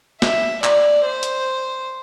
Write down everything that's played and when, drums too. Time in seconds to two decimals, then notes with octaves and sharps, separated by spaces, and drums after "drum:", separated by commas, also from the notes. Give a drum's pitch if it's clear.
0.22 E5, drum: snare
0.64 D5, drum: clap
1.06 C5
1.23 drum: hi-hat